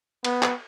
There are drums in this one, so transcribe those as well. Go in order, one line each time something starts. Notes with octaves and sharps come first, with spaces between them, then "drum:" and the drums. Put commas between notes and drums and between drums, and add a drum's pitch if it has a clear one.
B3, drum: cymbal
drum: clap